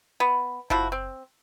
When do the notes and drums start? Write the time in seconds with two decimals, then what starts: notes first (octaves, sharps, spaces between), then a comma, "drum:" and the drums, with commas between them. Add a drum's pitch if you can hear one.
0.20 B3
0.70 F3 E4 F#4, drum: kick F#1
0.92 C4